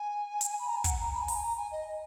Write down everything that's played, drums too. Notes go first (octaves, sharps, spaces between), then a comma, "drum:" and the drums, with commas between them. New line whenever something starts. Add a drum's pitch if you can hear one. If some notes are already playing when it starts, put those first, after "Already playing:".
Already playing: G#5
drum: hi-hat
B5
A#5
G#5
F#5, drum: kick, hi-hat
A#5
B5
G#5
A#5, drum: open hi-hat
G#5
A#5
G#5
D#5